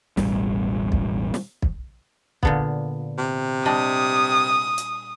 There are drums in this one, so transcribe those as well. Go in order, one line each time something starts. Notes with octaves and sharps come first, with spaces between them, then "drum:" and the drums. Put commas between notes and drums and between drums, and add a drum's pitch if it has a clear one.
E1 A1 E2 G3, drum: snare
drum: kick
drum: snare
drum: kick
A#2 D3 B3, drum: kick
C3
G3 D4 D#5 D#6
drum: hi-hat